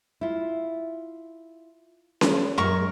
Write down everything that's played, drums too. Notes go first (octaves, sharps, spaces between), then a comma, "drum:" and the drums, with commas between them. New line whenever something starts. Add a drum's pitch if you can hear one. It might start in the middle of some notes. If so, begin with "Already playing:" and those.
E4 F4
drum: snare C#4
F#2 A#2 G#3 A#4 C#6